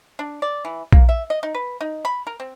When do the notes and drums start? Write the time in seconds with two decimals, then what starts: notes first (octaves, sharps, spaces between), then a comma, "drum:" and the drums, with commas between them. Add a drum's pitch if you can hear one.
0.19 D4
0.42 D5
0.65 E3
0.92 A#3, drum: kick A#1
1.09 E5
1.30 D#5
1.43 D#4
1.55 B4
1.81 D#4
2.05 B5
2.27 A#4
2.40 C4